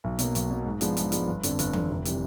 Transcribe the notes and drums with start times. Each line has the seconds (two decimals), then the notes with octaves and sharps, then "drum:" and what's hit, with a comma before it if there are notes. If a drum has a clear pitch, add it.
0.04 B1
0.19 B2 F#3 A#3, drum: hi-hat
0.35 B1, drum: hi-hat
0.50 B2 F#3 A#3
0.65 G#2
0.81 F3 G#3 B3 D4, drum: hi-hat
0.97 G#2, drum: hi-hat
1.12 F3 G#3 B3 D4, drum: hi-hat
1.28 G1
1.43 F2 D3, drum: hi-hat
1.59 G1, drum: hi-hat
1.73 F2 D3, drum: tom E3
1.90 F1
2.05 C3 E3 G3, drum: hi-hat